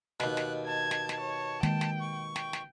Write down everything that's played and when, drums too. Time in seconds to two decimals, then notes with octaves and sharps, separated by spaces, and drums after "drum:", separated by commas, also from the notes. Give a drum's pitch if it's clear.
0.20 D#2 B2 F#6, drum: snare
0.37 drum: snare
0.67 A5 G#6
0.91 drum: snare
1.09 drum: snare
1.20 C#5
1.63 D#3 G#3 A#3 G5, drum: snare
1.81 drum: snare
2.00 C#6
2.36 G5, drum: snare
2.53 drum: snare